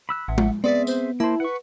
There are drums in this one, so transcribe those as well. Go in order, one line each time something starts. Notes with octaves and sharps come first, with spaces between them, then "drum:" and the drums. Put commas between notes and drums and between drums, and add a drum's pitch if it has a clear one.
B5 E6 F#6
A1 E5 F#5
drum: tom G#3
B3 C4 G#4 D5 E5
C5, drum: tambourine
A#3 E4 C5 A5
B4 F#5 C#6